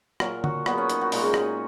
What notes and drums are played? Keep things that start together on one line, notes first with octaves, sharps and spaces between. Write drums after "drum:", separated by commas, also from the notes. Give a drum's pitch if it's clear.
A#2 F#3 A#4, drum: rim click
F#4, drum: tom D3
A#2 F#3 B3, drum: rim click
C#4
D#4, drum: hi-hat
F#4
A#2 G#3 D#4, drum: open hi-hat
C#4
D#4, drum: rim click